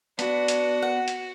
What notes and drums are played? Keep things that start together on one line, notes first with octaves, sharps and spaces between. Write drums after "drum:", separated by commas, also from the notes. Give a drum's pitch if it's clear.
B3 D4 F#4, drum: hi-hat
drum: hi-hat
F#5
drum: hi-hat